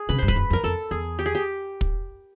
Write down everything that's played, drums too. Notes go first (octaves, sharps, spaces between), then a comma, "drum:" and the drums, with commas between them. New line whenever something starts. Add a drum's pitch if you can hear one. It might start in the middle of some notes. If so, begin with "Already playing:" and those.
Already playing: G#4
C#3 B4
G2 C5
B4, drum: kick
F#2
F2
A#4
F2 A4
E2 G#4
G4
G#4
G4
drum: kick